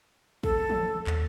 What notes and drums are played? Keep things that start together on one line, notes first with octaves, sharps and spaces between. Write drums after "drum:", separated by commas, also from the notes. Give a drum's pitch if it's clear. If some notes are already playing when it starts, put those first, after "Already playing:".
A4, drum: kick
drum: tom
D#2, drum: clap